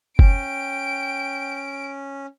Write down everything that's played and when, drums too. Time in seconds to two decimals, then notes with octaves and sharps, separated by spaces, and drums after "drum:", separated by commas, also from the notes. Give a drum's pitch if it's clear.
0.19 C#4 G5 D7, drum: kick